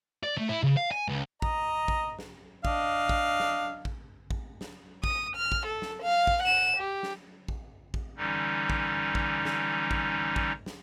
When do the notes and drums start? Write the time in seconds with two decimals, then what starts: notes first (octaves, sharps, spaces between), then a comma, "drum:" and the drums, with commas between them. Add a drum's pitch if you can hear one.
0.24 D5
0.38 A3
0.49 E4
0.63 C#3
0.77 F5
0.91 G#5
1.08 C#2
1.42 D#5 A#5, drum: kick
1.88 drum: kick
2.19 drum: snare
2.65 D4 D#5 F5, drum: kick
3.09 drum: kick
3.40 drum: snare
3.85 drum: kick
4.31 drum: kick
4.61 drum: snare
5.04 D#6, drum: kick
5.36 F6
5.52 drum: kick
5.66 A4
5.82 drum: snare
6.02 F5
6.27 drum: kick
6.42 F#5 E7
6.77 G4
7.03 drum: snare
7.48 drum: kick
7.94 drum: kick
8.17 D3 E3 G3 C#4 D#4
8.70 drum: kick
9.15 drum: kick
9.45 drum: snare
9.91 drum: kick
10.36 drum: kick
10.66 drum: snare